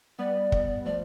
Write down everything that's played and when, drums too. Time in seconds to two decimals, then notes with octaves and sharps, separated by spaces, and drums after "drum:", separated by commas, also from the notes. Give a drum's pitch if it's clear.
0.19 G3 B3 D5
0.52 drum: kick
0.85 F3 A3 D5